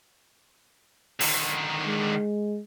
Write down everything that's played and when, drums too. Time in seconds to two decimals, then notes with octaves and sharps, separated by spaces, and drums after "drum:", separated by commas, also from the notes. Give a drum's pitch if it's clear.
1.21 D3 D#3, drum: open hi-hat
1.86 G#3